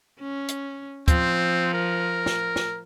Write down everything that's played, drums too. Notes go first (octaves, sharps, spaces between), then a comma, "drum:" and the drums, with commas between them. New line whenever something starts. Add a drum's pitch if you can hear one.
C#4
drum: hi-hat
F3 C4, drum: kick, hi-hat
A#4
drum: snare
drum: snare